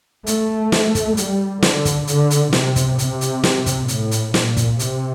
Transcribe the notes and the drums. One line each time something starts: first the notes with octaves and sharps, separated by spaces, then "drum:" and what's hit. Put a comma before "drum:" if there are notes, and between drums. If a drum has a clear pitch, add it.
A3, drum: hi-hat
drum: snare
drum: kick, hi-hat
G3, drum: hi-hat
D3, drum: snare
drum: kick, hi-hat
D3, drum: hi-hat
drum: hi-hat
C3, drum: snare
drum: kick, hi-hat
C3, drum: hi-hat
drum: hi-hat
drum: snare
drum: kick, hi-hat
A2, drum: hi-hat
drum: hi-hat
A#2, drum: snare
drum: kick, hi-hat
C3, drum: hi-hat